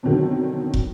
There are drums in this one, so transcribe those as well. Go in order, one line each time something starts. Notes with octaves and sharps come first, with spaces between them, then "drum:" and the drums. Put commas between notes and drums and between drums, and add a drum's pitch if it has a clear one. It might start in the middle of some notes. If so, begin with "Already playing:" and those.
F2 B2 D3 D#3 F#3
drum: kick